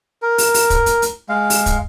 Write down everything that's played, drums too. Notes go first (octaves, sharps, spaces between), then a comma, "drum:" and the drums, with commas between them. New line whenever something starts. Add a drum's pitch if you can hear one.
A#4
drum: open hi-hat
drum: open hi-hat
drum: kick, hi-hat
drum: hi-hat
drum: hi-hat
G#3 F5
drum: open hi-hat
drum: kick, hi-hat